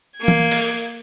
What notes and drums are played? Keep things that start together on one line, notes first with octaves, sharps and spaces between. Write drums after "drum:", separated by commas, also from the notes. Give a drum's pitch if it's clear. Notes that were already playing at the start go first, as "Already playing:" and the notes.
A#3 G#6
drum: tom E3
drum: open hi-hat